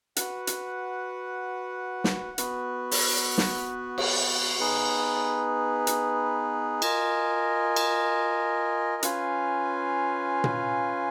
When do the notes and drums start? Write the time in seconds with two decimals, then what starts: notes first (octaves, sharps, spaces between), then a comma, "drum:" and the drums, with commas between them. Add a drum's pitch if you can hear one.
0.16 F#4 B4 F#5, drum: hi-hat
0.47 drum: hi-hat
2.04 drum: snare
2.38 B3 F#4 B4, drum: hi-hat
2.91 drum: open hi-hat
3.38 drum: snare
3.98 drum: cymbal
4.59 B3 D#4 G#4 B4
5.87 drum: hi-hat
6.82 F4 A#4 D#5 G#5, drum: cymbal
7.76 drum: cymbal
9.03 C#4 F4 B4 F5 G#5, drum: hi-hat
10.44 drum: tom A#2